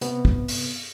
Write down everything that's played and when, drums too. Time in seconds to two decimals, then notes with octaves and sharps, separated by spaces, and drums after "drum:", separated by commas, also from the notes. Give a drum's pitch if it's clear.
0.01 C3 B3, drum: hi-hat
0.25 drum: kick
0.48 drum: open hi-hat